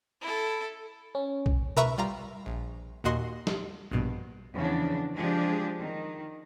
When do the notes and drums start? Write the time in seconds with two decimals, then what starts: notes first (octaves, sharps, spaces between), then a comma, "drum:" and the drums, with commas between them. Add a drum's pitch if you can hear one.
0.21 E4 A4
1.15 C#4
1.46 drum: kick B1
1.77 A#4 B4 E5 A#5 B5 C#6, drum: tom B2
1.98 G3 F4 A#5
2.46 A#1
3.04 D#2 A#2 F#4 D#5 C6
3.47 drum: snare
3.91 A#1 G2 B2
4.53 E2 C#3 F3 D4
5.15 F3 G#3 D4 G4 G#4
5.78 D#3